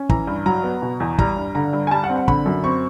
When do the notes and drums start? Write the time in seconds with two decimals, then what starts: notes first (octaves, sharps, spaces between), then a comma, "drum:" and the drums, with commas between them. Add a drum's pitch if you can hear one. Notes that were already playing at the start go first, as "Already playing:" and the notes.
Already playing: C#4
0.09 E3 A#5, drum: kick
0.27 G2
0.46 F#3 A#5
0.64 B3
0.82 B2
1.00 E2
1.19 G3 A#5, drum: kick
1.37 G2
1.55 D3 A#5
1.73 G2
1.87 G#5
1.91 G3 A5
2.04 F#5
2.09 C4
2.16 F#5
2.28 D3 B5, drum: kick
2.46 F#2
2.64 C4 C#6